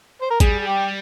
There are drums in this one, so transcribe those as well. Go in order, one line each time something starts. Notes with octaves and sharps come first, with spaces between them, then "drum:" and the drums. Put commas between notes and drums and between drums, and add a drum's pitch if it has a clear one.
C5
A#4
G3 G#4, drum: kick G#1, hi-hat
G#4
G4